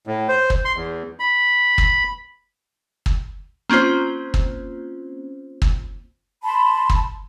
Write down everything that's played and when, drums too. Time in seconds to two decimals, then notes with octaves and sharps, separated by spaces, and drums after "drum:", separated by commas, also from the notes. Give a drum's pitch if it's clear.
0.07 A2
0.29 C5
0.50 drum: kick
0.65 C6
0.76 E2
1.20 B5
1.78 drum: kick
3.06 drum: kick
3.69 A#3 C4 C#4 F4 C5
4.34 drum: kick
5.62 drum: kick
6.43 A5 B5 C6
6.90 drum: kick